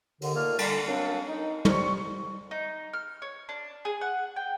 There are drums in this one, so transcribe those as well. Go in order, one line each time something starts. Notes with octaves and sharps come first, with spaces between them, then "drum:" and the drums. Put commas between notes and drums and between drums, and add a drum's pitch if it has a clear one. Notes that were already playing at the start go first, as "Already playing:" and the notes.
D#2 D3, drum: open hi-hat
A#2 D#3 A3 A#3 A4 F6
D3 G3, drum: cymbal
F#2 F#3 A#3 C4 D4
D#4
F2 G3 C4 C#6, drum: tom
D#4
F6
C#5
D4
G#4
F#5
G5